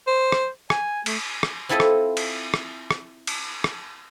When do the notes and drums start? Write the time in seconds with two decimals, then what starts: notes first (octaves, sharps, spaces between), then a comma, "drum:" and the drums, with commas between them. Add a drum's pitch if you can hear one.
0.07 C5
0.32 drum: rim click
0.70 G#5, drum: rim click
1.06 A3, drum: cymbal
1.43 drum: rim click
1.69 C4 E4 F4 A4 D#5 A5
1.80 drum: rim click
2.17 drum: cymbal
2.54 drum: rim click
2.91 drum: rim click
3.27 drum: cymbal
3.64 drum: rim click